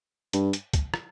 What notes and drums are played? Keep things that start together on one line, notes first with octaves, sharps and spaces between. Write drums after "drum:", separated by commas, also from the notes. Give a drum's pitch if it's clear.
G2, drum: hi-hat
drum: hi-hat
drum: kick, hi-hat
drum: rim click